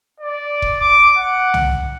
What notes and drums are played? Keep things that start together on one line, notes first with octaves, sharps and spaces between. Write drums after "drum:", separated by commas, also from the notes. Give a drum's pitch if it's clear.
D5
drum: kick E1
D6
F#5
drum: tom